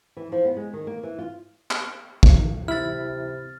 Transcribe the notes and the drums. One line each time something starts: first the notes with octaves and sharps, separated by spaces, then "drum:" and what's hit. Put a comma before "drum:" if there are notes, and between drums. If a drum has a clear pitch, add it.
E3
F3
B3
G#3
D#3
A#3
E3
F4
drum: clap
drum: kick
C3 E4 B5 F6 A6